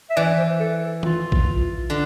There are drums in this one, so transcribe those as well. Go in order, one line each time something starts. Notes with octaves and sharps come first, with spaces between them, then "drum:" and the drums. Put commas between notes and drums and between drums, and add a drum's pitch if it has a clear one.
E5
E3 D5
C5
A4
F4, drum: tom D#3
drum: kick A#1
D3